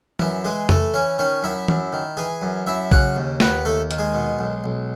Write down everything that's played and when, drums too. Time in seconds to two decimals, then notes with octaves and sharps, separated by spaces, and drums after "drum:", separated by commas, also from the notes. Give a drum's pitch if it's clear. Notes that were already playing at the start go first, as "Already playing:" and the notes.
0.19 F#2 E3 E4, drum: tom
0.44 E3 G#3 G#4
0.69 E3 A3 A4, drum: tom F2
0.94 E3 C#4 C#5
1.18 D#3 C#4 C#5
1.43 F#2 E4 E5
1.68 F#2, drum: tom
1.93 D#3
2.17 E3 G#4 G#5
2.42 F#2
2.67 F#2 E4 E5
2.91 C#3 F#4 F#5, drum: kick
3.16 D#2
3.40 D#2 B3 B4, drum: snare
3.65 D#2 A3 A4
3.91 D#3, drum: hi-hat
3.98 G#3 G#4
4.14 B2
4.39 B1
4.64 B1